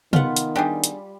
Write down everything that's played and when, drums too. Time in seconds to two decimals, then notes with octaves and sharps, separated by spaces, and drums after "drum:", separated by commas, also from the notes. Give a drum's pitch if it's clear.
0.13 D#3 B3 F4 B4 F#5, drum: tom C3
0.37 drum: hi-hat
0.56 G3 D4 G4 G#4
0.84 drum: hi-hat